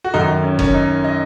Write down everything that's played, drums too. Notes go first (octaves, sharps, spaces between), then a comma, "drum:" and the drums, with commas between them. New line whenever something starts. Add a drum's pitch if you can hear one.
F#4
F#2 D#3 D#4
C#4
C#4, drum: kick F#1
D#4
D#5